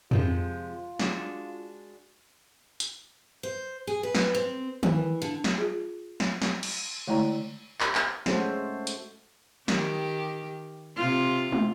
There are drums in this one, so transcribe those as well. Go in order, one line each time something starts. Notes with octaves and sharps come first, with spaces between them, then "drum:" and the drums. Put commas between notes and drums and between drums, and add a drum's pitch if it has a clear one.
C3 F3 G#3 F4, drum: tom F2
G#3 D4 F#4, drum: snare
drum: hi-hat
C5
G#4
B4
drum: snare
C4
E3, drum: tom D#3
D3
drum: snare
F4 G#4
drum: snare
drum: snare
drum: cymbal
D3 G#3 A3 E4 D5 A#5
drum: clap
drum: clap
G#3 A3 C#4 F#4 A4 C5, drum: snare
drum: hi-hat
D#3 G4, drum: snare
C3 F4
drum: tom